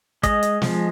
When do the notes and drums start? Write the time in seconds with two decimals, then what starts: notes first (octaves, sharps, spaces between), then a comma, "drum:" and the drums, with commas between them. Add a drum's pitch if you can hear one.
0.23 G#3 D#5, drum: kick, hi-hat
0.43 drum: hi-hat
0.62 F3, drum: snare